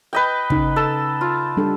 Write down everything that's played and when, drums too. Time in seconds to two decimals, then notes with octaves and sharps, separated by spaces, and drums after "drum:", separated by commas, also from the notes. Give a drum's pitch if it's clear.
0.13 B4 D#5 G5
0.50 C#3 D#4, drum: kick
0.76 A4 A5
1.21 F4
1.57 G3 D4 A4